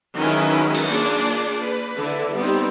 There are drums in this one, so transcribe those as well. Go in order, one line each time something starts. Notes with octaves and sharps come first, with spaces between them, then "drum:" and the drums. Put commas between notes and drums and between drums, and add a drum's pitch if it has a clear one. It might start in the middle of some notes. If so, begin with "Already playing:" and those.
D#3 F#3 G#3 C#4 E4 B4
drum: cymbal
A#3 D4 F4 G#4 D5, drum: hi-hat
drum: hi-hat
B4
D3 E4, drum: open hi-hat
G3 B3 C4 D#4